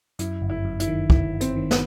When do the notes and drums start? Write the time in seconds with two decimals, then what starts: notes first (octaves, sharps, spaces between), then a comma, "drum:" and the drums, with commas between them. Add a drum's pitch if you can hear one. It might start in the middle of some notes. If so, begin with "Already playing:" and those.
0.19 F#2 E4, drum: hi-hat
0.42 G1
0.50 E4
0.65 F#2
0.80 E4, drum: hi-hat
0.87 D#3
1.10 G1 E4, drum: kick
1.33 G1
1.41 C4, drum: hi-hat
1.56 D#3
1.71 B3, drum: snare